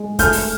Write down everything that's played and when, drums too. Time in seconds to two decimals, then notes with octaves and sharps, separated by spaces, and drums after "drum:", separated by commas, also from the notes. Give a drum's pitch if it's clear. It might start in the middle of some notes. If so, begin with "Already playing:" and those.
Already playing: G#3
0.19 A3 F6 G6, drum: kick E2, hi-hat
0.33 drum: open hi-hat